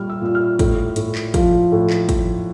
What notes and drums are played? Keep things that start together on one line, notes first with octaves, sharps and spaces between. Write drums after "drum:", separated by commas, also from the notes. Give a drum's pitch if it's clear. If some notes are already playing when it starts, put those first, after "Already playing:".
Already playing: A#2 G3 F6
E6
A#2 E6
F6
A2, drum: kick, hi-hat
A2, drum: hi-hat
drum: clap
F3, drum: kick, hi-hat
A2
drum: clap
drum: kick, hi-hat